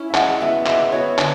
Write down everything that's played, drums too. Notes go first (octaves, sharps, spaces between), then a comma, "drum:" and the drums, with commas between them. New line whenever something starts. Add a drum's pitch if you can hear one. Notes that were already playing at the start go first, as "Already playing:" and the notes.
Already playing: C#4 E4
E5
G#3 F#5, drum: clap
B3 F#4 E5
G#3 E5, drum: clap
B3 F#4 C#5
D3, drum: clap